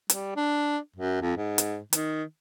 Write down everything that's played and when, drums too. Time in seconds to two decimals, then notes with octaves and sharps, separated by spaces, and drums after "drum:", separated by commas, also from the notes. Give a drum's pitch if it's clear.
0.10 G3, drum: hi-hat
0.36 D4
0.96 F#2
1.22 F2
1.37 G#2
1.58 drum: hi-hat
1.93 D#3, drum: hi-hat